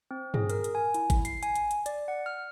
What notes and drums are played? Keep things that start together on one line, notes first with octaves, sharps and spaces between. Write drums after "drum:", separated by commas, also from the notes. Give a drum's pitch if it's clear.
C4
G#4, drum: tom G2
A#4, drum: hi-hat
drum: hi-hat
G#5
E4, drum: hi-hat
drum: kick G#1, hi-hat
C7, drum: hi-hat
G#5, drum: hi-hat
drum: hi-hat
drum: hi-hat
D5, drum: hi-hat
F#5
F6